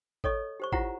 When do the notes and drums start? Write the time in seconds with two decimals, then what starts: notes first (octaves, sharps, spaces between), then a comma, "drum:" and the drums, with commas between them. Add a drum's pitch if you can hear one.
0.24 A4 C#5 D#5 C#6, drum: kick G#1
0.60 G4 C5 C#6
0.72 E4 F4 G4 C5 F#5 A#5, drum: kick G#1